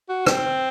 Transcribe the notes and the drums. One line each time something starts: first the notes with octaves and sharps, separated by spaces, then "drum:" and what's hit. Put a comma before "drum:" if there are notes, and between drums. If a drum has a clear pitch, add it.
F#4
C4, drum: rim click